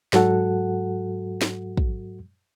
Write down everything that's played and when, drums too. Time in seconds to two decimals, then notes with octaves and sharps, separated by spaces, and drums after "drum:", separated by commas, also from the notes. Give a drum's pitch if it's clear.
0.13 G#2 F#3 F#4 A4 F#5, drum: snare
1.42 drum: snare
1.77 drum: kick